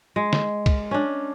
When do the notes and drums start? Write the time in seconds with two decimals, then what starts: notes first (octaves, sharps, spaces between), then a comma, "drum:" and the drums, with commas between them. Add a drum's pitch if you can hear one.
0.16 G#3
0.33 drum: snare
0.66 drum: kick, cymbal
0.91 C#4 D4